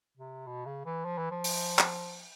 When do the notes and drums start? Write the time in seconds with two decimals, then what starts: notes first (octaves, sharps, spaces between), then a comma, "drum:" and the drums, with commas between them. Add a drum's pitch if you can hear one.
0.17 C3
0.46 B2
0.66 C#3
0.86 E3
1.05 F3
1.18 E3
1.31 F3
1.44 drum: open hi-hat
1.79 drum: clap